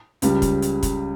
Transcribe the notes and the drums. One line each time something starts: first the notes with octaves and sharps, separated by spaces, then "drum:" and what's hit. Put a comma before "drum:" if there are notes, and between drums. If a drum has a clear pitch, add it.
C#2 C#3 G3, drum: hi-hat
drum: kick, hi-hat
drum: hi-hat
drum: kick, hi-hat